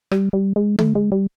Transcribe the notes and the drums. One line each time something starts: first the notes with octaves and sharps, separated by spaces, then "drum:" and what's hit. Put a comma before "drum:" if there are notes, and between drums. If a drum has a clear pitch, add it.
G3, drum: rim click
G3
G#3
A3, drum: tom D3
G#3
G3